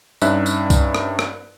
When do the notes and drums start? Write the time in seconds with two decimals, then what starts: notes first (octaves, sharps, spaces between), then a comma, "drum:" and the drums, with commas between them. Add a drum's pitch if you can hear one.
0.22 G2 C#4 D#4 E5 F#6, drum: tambourine
0.46 drum: tambourine
0.70 drum: kick C2, tambourine
0.95 drum: rim click
1.19 drum: rim click